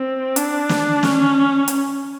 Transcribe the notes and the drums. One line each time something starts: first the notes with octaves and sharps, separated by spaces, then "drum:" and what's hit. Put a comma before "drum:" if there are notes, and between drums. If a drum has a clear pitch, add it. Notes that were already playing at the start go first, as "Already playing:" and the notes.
Already playing: C4
D4, drum: hi-hat
drum: snare
C#4, drum: snare
drum: hi-hat